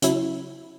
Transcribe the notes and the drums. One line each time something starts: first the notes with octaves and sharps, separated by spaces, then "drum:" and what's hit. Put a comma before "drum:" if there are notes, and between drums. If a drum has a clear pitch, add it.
C#3 F#3 E4, drum: hi-hat